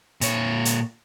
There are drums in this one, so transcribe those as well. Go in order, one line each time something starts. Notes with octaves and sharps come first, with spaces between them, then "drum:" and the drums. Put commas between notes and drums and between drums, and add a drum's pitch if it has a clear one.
A#2 C#5, drum: hi-hat
drum: hi-hat